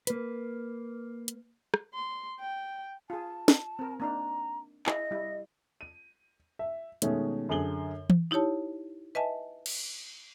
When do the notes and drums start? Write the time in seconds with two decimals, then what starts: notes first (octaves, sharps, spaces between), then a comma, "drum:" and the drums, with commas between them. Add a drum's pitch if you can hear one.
0.07 A#3 B4, drum: hi-hat
1.28 drum: hi-hat
1.74 drum: rim click
1.94 C6
2.39 G5
3.10 F4 G#4 A5
3.48 drum: snare
3.79 C4 A#4
4.00 A#3 D4 D#4 A#5
4.86 E4 G#4 D#5, drum: clap
5.11 G3 E4
5.81 D#7
6.59 E5
7.02 B2 D#3 G#3 A3 C#4, drum: hi-hat
7.49 F#2 D3 G#4 A4 F#7 G7
8.10 drum: tom E3
8.31 D#4 E4 G4 C#5 A5
9.15 B4 D#5 E5 G#5 A5
9.66 drum: cymbal